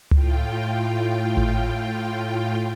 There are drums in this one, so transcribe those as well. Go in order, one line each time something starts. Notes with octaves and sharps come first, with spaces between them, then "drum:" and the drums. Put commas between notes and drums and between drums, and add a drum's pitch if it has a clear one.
A2 F4 G5, drum: tom C#2
drum: kick G#1